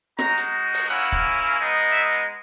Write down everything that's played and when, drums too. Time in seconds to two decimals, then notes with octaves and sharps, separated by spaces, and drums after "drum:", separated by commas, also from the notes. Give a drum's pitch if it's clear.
0.19 G#3 D#4 F#4 A#5, drum: snare
0.38 drum: hi-hat
0.74 drum: open hi-hat
0.88 A#3 C#4 E4 F#5
1.12 drum: kick
1.57 G#3 B3 D#4
1.92 E5